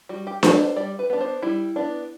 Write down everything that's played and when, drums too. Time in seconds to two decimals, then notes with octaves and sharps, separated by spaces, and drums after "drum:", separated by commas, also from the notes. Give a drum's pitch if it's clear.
0.09 G3 F#4
0.27 G4
0.43 B3 D4 C5, drum: snare D4
0.59 C5
0.76 G3 D5
0.99 B4
1.10 B3 D4
1.21 C5
1.43 G3 E4
1.76 B3 D4